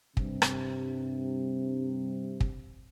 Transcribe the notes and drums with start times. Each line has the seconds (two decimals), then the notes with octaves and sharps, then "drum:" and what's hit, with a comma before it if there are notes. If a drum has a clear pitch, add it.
0.17 G2 C3, drum: kick
0.42 drum: rim click
2.40 drum: kick